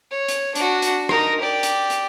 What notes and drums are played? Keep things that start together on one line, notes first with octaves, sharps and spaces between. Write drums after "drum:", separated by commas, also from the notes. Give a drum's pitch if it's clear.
C#5
drum: hi-hat
D4 F#4, drum: hi-hat
drum: hi-hat
D#4 A#4, drum: rim click
G4 D5
drum: hi-hat
drum: hi-hat